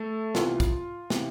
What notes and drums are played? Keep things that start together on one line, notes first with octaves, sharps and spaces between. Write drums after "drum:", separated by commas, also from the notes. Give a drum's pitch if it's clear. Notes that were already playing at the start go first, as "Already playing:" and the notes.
Already playing: A3 A4
C2 C3 E3 B3 F4, drum: snare
drum: kick, hi-hat
C3 E3 B3, drum: snare